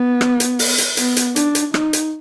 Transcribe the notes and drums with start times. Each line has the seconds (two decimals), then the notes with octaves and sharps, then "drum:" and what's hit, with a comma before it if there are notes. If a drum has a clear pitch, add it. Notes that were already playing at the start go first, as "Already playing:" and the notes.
Already playing: B3
0.21 drum: rim click
0.40 drum: hi-hat
0.59 drum: open hi-hat
0.78 drum: hi-hat
0.97 B3, drum: hi-hat
1.17 drum: hi-hat
1.36 D4, drum: hi-hat
1.55 drum: hi-hat
1.74 D#4, drum: rim click
1.93 drum: hi-hat